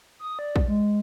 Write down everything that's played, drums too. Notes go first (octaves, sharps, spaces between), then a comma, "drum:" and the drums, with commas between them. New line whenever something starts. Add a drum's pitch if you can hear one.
D#6
D5
drum: kick A#1
G#3